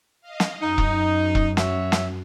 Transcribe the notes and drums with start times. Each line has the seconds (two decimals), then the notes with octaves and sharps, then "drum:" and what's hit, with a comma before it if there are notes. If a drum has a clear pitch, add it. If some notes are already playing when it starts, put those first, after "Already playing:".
0.21 D#5 F5
0.40 drum: snare
0.61 F#2 D#4
0.78 drum: kick E1
1.35 drum: kick E1
1.57 F#4 C#5 E5, drum: snare
1.92 drum: snare